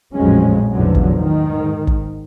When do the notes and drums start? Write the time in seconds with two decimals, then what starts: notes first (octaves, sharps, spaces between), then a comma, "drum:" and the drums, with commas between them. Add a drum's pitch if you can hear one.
0.13 A#1 F2 A2 F#3 G#3 C#4
0.71 A1 E2 B2 D3 F3 F#3
0.95 drum: kick
1.15 G#2 D#3
1.87 drum: kick